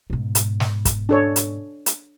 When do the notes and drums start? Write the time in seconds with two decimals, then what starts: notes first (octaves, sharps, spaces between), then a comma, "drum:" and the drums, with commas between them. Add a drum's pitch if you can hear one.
0.10 G#2 B2
0.35 drum: hi-hat
0.60 drum: snare
0.85 drum: kick, hi-hat
1.09 D4 A4 C#5
1.36 drum: hi-hat
1.86 drum: hi-hat